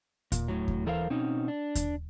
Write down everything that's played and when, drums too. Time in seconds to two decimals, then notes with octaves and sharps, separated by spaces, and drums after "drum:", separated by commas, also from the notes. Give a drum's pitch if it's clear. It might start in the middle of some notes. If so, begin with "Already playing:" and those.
0.32 A#2, drum: kick D#2, hi-hat
0.48 A2 F#3
0.68 drum: kick D#2
0.86 E3 A4 A#4 C5 F5
1.10 B2 C4 C#4 D#4
1.48 D4
1.75 drum: kick D#2, hi-hat